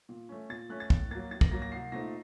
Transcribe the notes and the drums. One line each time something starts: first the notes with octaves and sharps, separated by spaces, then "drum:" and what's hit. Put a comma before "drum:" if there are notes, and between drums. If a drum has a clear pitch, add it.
A#2
A3 C#4
A#2 A6
A3 C#4 F#6
A6
A2, drum: kick
F#3 A#3 A6
A2 A6
A#6, drum: kick
F#3 A#3 A#6
A#6
C2 C7
A#2 A3 C4 D#4 A#6